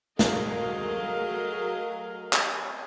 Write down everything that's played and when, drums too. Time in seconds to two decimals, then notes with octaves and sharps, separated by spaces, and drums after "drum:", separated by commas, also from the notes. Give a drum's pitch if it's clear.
0.19 F#3 A3 G#4 A#4 D#5 F5, drum: snare
2.33 drum: clap